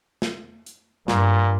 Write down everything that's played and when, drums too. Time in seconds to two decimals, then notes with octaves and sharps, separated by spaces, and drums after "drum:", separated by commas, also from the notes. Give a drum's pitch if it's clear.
0.22 drum: snare
0.66 drum: hi-hat
1.08 G2 A#2, drum: snare